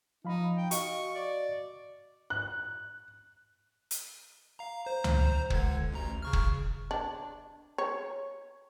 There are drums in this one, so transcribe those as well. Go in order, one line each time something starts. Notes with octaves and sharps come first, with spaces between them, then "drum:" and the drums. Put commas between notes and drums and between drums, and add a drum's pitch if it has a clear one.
F3 D#4 F5 B5
G5
F#4 D#5 F5 C#6, drum: hi-hat
D5
F#6
drum: hi-hat
F5 A#5
C5 A#5
drum: tom
C#2 D3 G#6, drum: kick
A1 D2 A#5
C#3 C#6 F6
drum: kick
D4
C#5